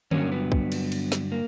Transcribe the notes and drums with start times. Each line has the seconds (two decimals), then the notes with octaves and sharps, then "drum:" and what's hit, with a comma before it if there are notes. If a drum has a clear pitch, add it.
0.11 G2 D3 F#3 A#3 C#4, drum: tom D3
0.32 B3
0.52 drum: kick
0.72 drum: cymbal
0.92 drum: cymbal
1.12 drum: snare
1.32 A#3